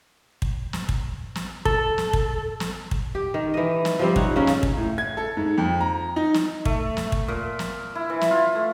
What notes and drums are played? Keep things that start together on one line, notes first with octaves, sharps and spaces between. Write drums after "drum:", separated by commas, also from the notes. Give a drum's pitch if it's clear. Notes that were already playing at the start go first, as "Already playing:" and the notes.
drum: kick
drum: snare
drum: kick
drum: snare
A4, drum: kick
drum: snare
drum: kick
drum: snare
drum: kick
G4
D#3
E3 D#5
drum: snare
F3 G3 C4
D#4 C#5 F#5, drum: kick
C#3 A#3 C#4
drum: snare
drum: kick
A2
G#6
A4
G#2
F2
A#5
D#4
drum: snare
A3, drum: kick
drum: snare
drum: kick
A#2
drum: snare
E4
E3
drum: snare
F4
A3